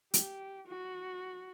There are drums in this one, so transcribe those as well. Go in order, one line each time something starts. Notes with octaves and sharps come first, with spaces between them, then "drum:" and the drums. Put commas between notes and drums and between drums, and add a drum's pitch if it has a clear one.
G4, drum: hi-hat
F#4